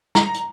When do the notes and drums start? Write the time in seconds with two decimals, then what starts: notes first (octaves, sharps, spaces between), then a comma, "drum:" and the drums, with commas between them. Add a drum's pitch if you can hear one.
0.15 A#5, drum: snare
0.34 drum: hi-hat